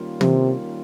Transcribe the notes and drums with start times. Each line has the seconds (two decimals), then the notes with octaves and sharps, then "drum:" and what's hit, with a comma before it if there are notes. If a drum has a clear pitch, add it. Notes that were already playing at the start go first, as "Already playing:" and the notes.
Already playing: D#3 G3 A#3 C#4 F4
0.21 C3, drum: tom